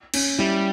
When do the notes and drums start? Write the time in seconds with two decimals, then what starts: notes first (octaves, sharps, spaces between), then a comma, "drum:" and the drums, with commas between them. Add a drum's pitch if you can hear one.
0.14 C#4, drum: cymbal
0.39 G3 E4